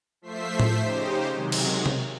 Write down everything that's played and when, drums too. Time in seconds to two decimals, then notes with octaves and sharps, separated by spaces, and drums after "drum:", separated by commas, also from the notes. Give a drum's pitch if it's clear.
0.22 F3 A3 C5 E5 B6 C7
0.60 drum: tom A2
0.79 C#3 D#4 G4 C5
1.29 C3 D#3 F#3 G#3
1.52 drum: cymbal
1.86 drum: tom C3